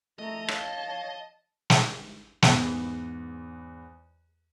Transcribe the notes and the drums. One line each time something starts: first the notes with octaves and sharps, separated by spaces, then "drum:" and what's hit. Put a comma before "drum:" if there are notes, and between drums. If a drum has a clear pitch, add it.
A3 D#5 A#5
C#5 F5 A5, drum: rim click
drum: snare
E2 G#2 B3 F#6, drum: snare